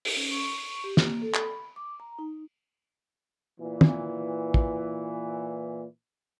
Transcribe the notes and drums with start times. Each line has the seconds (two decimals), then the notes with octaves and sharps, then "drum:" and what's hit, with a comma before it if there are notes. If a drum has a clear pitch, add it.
0.05 drum: open hi-hat
0.17 C#4
0.31 C#6
0.84 G4
0.97 A#3, drum: snare
1.22 A4
1.34 B5, drum: clap
1.76 D6
2.00 A#5
2.19 D#4
3.58 A#2 E3
3.81 drum: tom
4.54 drum: kick